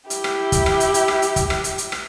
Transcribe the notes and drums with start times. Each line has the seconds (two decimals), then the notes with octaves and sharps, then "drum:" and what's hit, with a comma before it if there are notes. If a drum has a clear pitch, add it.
0.10 E4 G4, drum: hi-hat
0.24 drum: rim click
0.52 drum: kick, hi-hat
0.66 drum: rim click
0.80 drum: hi-hat
0.94 drum: hi-hat
1.08 drum: rim click
1.22 drum: hi-hat
1.36 drum: kick, hi-hat
1.50 drum: rim click
1.64 drum: hi-hat
1.78 drum: hi-hat
1.92 drum: rim click